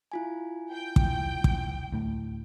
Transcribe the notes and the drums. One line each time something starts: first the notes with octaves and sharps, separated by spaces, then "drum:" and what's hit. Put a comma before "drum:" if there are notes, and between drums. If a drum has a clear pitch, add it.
E4 F4 G#5
G5
drum: kick
drum: kick
D2 A2